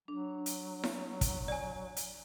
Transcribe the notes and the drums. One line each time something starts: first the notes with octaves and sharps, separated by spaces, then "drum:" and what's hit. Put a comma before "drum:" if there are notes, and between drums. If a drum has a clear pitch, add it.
F#3 D4
drum: hi-hat
drum: snare E4
drum: kick, hi-hat
D5 G#5
drum: hi-hat